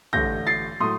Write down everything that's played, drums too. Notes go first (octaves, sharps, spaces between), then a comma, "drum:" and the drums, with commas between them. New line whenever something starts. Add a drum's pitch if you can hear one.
A1 G2 D3 A3 G6 A#6, drum: kick
A6 C7
A2 F#3 A3 C6 D#6